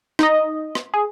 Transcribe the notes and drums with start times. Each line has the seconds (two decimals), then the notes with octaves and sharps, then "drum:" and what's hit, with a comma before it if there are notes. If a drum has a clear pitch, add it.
0.19 D#4 D#5, drum: rim click
0.75 drum: rim click
0.94 G#4